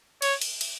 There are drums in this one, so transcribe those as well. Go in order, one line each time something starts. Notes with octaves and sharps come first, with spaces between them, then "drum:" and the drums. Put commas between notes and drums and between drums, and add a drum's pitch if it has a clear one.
C#5, drum: cymbal
drum: cymbal
drum: cymbal